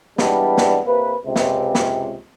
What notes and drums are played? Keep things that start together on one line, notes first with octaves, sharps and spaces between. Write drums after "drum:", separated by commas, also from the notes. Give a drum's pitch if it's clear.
E3 G3 G#3 B3 D4, drum: snare
drum: snare
C3 A#3 B4
C#2 C3
drum: snare
drum: snare